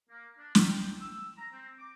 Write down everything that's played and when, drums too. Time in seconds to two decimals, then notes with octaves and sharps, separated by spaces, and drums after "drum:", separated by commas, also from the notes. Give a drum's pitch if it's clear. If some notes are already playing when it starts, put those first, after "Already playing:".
0.10 A#3
0.38 D4
0.55 A3, drum: snare
0.71 G5
1.00 E6
1.38 A#5
1.52 C4
1.78 D6